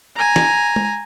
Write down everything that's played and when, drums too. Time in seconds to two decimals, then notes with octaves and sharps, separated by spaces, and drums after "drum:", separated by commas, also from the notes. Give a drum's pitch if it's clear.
0.16 G#5 A#5
0.36 drum: snare
0.76 drum: tom